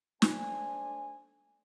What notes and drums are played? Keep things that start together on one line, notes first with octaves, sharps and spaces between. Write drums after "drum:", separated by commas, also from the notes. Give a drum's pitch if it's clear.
A3 D4 C5 G#5, drum: snare